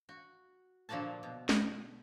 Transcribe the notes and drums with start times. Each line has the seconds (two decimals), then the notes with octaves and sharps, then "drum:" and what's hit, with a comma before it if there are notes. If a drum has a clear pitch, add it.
0.09 F#4
0.89 A#2 D3 F3 A#3 F#4 A5
1.23 B2
1.49 drum: snare